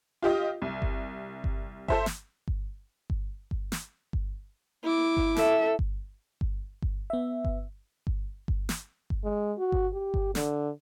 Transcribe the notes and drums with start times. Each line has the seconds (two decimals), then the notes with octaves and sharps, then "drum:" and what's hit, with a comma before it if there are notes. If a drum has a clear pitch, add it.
0.22 F4 G4 D#5
0.62 C2
0.82 drum: kick G1
1.44 drum: kick G1
1.88 A4 C5 E5, drum: kick G1
2.06 drum: snare
2.48 drum: kick G1
3.10 drum: kick G1
3.51 drum: kick G1
3.72 drum: snare
4.13 drum: kick G1
4.83 E4 D6
5.17 drum: kick G1
5.36 A4 E5, drum: snare
5.79 drum: kick G1
6.41 drum: kick G1
6.82 drum: kick G1
7.10 B3 E5
7.45 drum: kick G1
8.07 drum: kick G1
8.48 drum: kick G1
8.69 drum: snare
9.10 drum: kick G1
9.24 G#3
9.58 F#4
9.72 drum: kick G1
9.93 G4
10.14 drum: kick G1
10.35 D3, drum: snare